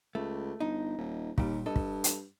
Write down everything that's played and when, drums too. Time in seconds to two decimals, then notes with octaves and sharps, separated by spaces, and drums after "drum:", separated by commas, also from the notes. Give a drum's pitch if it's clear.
0.15 C#2 A3
0.60 G1 D#4
0.97 D#1
1.38 D#2 A#2 G3, drum: kick
1.66 G2 A4 D#5
1.76 drum: kick
2.04 drum: hi-hat